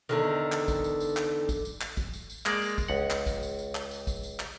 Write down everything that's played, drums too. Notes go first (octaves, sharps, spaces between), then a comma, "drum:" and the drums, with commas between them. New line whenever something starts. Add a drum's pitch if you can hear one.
E2 D3 D#3
drum: clap
drum: kick, tambourine
drum: tambourine
drum: tambourine
drum: clap
drum: kick, tambourine
drum: tambourine
drum: clap
drum: kick, tambourine
drum: tambourine
drum: tambourine
G#3 A#3 D5, drum: clap
drum: tambourine
drum: kick, tambourine
C#2 F#5
drum: clap
drum: kick, tambourine
drum: tambourine
drum: tambourine
drum: clap
drum: tambourine
drum: kick, tambourine
drum: tambourine
drum: clap